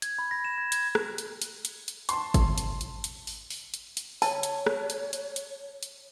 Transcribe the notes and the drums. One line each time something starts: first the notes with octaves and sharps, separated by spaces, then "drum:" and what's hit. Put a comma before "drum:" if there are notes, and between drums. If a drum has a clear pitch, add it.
G#6, drum: hi-hat
B5
A#6
E7
G#6
G#6, drum: hi-hat
drum: rim click
drum: hi-hat
drum: hi-hat
drum: hi-hat
drum: hi-hat
A5 C6, drum: hi-hat
drum: kick G1, hi-hat
drum: hi-hat
drum: hi-hat
drum: hi-hat
drum: open hi-hat
drum: open hi-hat
drum: hi-hat
drum: hi-hat
C#5 A5, drum: open hi-hat
drum: hi-hat
drum: rim click
drum: hi-hat
drum: hi-hat
drum: hi-hat
drum: hi-hat